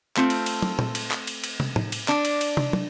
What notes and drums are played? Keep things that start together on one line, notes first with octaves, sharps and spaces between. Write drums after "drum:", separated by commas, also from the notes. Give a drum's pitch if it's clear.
A3 C4 F4, drum: clap
drum: cymbal
drum: cymbal
drum: tom
drum: tom
drum: cymbal
drum: clap
drum: cymbal
drum: cymbal
drum: tom
drum: tom A2
drum: cymbal
D4, drum: clap
drum: cymbal
drum: cymbal
drum: tom
drum: tom